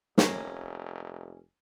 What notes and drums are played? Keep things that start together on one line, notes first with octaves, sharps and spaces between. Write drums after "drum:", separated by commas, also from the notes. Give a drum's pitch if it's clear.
F1 A#3 C#4, drum: snare